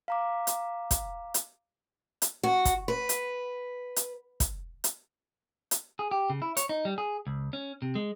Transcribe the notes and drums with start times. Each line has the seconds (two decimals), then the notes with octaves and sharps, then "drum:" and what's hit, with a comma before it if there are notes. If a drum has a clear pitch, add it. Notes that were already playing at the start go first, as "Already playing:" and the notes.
0.08 F5 A#5 D6
0.47 drum: hi-hat
0.91 drum: kick, hi-hat
1.34 drum: hi-hat
2.22 drum: hi-hat
2.43 F#4
2.65 drum: kick, hi-hat
2.88 B4
3.09 drum: hi-hat
3.96 drum: hi-hat
4.40 drum: kick, hi-hat
4.84 drum: hi-hat
5.71 drum: hi-hat
5.99 G#4
6.11 G4
6.30 C#3
6.42 E4
6.57 C#5, drum: hi-hat
6.69 D#4
6.85 G3
6.98 G#4
7.27 C#2
7.53 C#4
7.82 C3
7.95 G#3